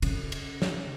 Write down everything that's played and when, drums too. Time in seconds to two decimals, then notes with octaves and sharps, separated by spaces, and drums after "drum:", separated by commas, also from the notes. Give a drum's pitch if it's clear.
0.02 C#3, drum: cymbal
0.32 drum: cymbal
0.62 drum: snare